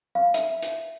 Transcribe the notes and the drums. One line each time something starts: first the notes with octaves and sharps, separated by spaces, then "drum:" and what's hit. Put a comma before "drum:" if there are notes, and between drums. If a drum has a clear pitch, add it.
F5
E5, drum: hi-hat
drum: hi-hat